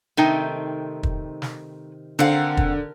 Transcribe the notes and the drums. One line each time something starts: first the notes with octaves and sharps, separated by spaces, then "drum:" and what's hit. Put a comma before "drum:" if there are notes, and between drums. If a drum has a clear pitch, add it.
C3 D#3 A3 C4 D#4 G5
drum: kick
drum: snare
D3 C4 A#4 F5 F#5
drum: kick